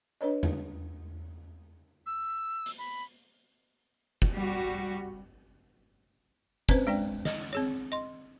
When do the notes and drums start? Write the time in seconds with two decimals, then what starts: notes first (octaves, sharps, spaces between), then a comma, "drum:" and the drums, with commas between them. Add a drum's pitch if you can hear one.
0.21 D4 B4 C#5 D#5
0.43 drum: tom E2
2.06 E6
2.66 drum: hi-hat
2.78 B5
4.22 drum: kick
4.34 G3 F#4
6.69 C4 C#4 B4 C5, drum: kick
6.87 G#3 D4 D5 G5
7.25 D#5, drum: snare
7.53 C4 G#4 C#5
7.92 D#5 C6